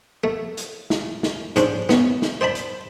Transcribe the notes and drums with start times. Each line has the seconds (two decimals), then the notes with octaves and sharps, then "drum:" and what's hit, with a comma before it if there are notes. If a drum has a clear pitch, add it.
0.24 A3
0.57 drum: hi-hat
0.90 drum: snare
1.23 drum: snare
1.56 G#2 C#4 D4 C5, drum: hi-hat
1.89 B3 C#4, drum: snare
2.22 drum: snare
2.41 C5 D5 A5 B5
2.55 drum: hi-hat